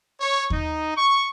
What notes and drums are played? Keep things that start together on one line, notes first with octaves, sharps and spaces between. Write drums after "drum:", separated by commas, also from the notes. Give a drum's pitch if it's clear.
C#5
D#4, drum: kick D#2
C#6